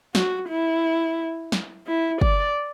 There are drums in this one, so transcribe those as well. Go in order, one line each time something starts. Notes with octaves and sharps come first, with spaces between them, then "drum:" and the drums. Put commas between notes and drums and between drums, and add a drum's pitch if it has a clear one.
F#4, drum: snare
E4
drum: snare
E4
D5, drum: kick